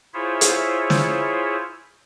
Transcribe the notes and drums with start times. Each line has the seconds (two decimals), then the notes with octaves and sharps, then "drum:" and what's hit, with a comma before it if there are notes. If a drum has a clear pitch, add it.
0.14 E4 F4 G#4 C5 C#5 E5
0.41 drum: hi-hat
0.90 drum: snare